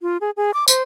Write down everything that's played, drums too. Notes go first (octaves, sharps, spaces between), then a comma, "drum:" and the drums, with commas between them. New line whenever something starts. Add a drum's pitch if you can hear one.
F4
G#4
G#4
D6
C5, drum: tambourine